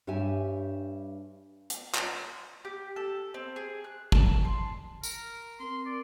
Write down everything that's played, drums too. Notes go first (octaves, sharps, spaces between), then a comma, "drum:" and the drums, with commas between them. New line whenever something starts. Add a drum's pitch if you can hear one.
G2 G4 C#5 E5 G#5
drum: hi-hat
drum: clap
G4
A4
C4
G#4
F#6
A5, drum: kick
C6
A#4, drum: tambourine
C4 A#4 C6
D5